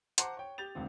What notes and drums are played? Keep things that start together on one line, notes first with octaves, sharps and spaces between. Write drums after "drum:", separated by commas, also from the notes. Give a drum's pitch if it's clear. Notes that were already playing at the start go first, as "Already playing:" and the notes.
C5 F#5 A5 A#5 C6 D6, drum: hi-hat
C#5 G5
G4 G6 A6 F7
D#1 C#2 D3 C4